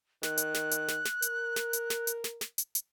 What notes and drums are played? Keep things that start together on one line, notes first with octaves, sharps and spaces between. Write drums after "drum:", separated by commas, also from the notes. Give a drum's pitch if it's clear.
D#3 F#6, drum: snare
drum: hi-hat
drum: snare
drum: hi-hat
drum: snare
drum: snare
A#4, drum: hi-hat
drum: snare
drum: hi-hat
drum: snare
drum: hi-hat
drum: snare
drum: snare
drum: hi-hat
drum: hi-hat